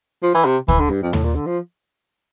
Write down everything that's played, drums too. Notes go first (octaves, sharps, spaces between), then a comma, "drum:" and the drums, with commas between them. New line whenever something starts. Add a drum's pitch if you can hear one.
F3
E3
C3
E3, drum: kick
D3
G2
F2
A2, drum: tom D#2
A#2
D3
F3